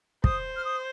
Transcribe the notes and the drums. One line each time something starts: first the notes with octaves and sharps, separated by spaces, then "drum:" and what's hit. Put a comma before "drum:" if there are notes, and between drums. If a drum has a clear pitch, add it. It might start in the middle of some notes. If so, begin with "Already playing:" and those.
C5 D#6, drum: kick
F6
D#6